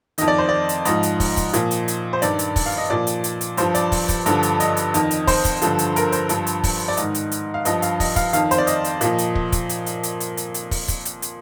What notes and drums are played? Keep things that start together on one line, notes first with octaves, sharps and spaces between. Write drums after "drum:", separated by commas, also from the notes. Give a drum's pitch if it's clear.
F2 D#3 D#5, drum: hi-hat
D5
C5
D5
drum: hi-hat
G#2 F3 D#5, drum: hi-hat
drum: hi-hat
drum: kick, open hi-hat
drum: kick, hi-hat
A#2 F3, drum: hi-hat
drum: hi-hat
drum: hi-hat
C5
G2 D#3 D5, drum: hi-hat
drum: hi-hat
drum: kick, open hi-hat
F5
D#5
A#2 F3 D5
drum: hi-hat
drum: hi-hat
drum: hi-hat
G2 F3 C5, drum: hi-hat
D5, drum: hi-hat
drum: kick, open hi-hat
drum: kick, hi-hat
G2 D3 F3, drum: hi-hat
drum: hi-hat
D#5, drum: hi-hat
drum: hi-hat
F2 D#3, drum: hi-hat
drum: hi-hat
C5, drum: kick, open hi-hat
drum: kick, hi-hat
G2 D3 F3, drum: hi-hat
drum: hi-hat
A#4, drum: hi-hat
C5, drum: hi-hat
G2 F3, drum: hi-hat
drum: hi-hat
drum: kick, open hi-hat
D5
G#2 D#3 D#5, drum: hi-hat
drum: hi-hat
drum: hi-hat
F5
G2 F3 D#5, drum: hi-hat
F5, drum: hi-hat
D#5, drum: kick, open hi-hat
F5, drum: kick, hi-hat
F2 D#3 F5, drum: hi-hat
C5, drum: hi-hat
D5
D#5, drum: hi-hat
drum: hi-hat
A#2 F3, drum: hi-hat
drum: hi-hat
drum: kick
drum: kick, hi-hat
drum: hi-hat
drum: hi-hat
drum: hi-hat
drum: hi-hat
drum: hi-hat
drum: hi-hat
drum: kick, open hi-hat
drum: kick, hi-hat
drum: hi-hat
drum: hi-hat